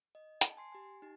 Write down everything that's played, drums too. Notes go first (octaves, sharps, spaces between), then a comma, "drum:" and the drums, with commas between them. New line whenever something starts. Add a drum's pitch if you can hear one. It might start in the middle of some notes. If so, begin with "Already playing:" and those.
D#5
A5, drum: hi-hat
G#5 C6 C7
G4 G#5
D#4 G4